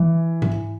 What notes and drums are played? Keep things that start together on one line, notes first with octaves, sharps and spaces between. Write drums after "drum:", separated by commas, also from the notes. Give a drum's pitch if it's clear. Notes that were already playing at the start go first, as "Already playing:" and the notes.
Already playing: E3
drum: tom G#2